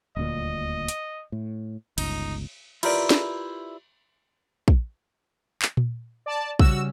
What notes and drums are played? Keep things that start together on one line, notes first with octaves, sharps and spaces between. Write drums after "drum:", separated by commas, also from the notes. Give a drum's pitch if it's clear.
D#1 D2 A#2 D#5
drum: hi-hat
A2
G1 C#2 D#4, drum: cymbal
E4 F4 G4 A#4 B4 D5, drum: cymbal
drum: snare
drum: kick
drum: clap
drum: tom A#2
D5 A5
C#3 G3 C#4 F#4 E6, drum: kick